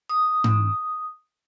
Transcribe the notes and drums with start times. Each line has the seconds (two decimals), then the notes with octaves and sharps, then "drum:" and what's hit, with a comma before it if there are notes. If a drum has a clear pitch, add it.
0.09 D#6
0.44 drum: tom G#2